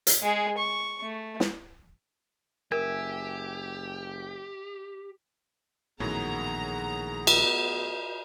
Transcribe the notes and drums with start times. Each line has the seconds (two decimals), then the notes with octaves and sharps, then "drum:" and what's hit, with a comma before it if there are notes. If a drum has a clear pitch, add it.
0.07 drum: hi-hat
0.22 G#3 G#4
0.58 C#6
1.02 A3
1.40 drum: snare
2.72 F#1 G4 A#4 E5 G#5
6.00 A#1 F#2 A2 D#3 F#3 B3 G#4 A#5
7.27 drum: cymbal